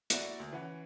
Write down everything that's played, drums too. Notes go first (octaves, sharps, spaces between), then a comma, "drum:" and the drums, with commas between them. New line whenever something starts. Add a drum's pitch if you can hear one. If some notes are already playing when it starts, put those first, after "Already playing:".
A#3 E4 F#4 D5, drum: hi-hat
D2
E3 C#4 F#5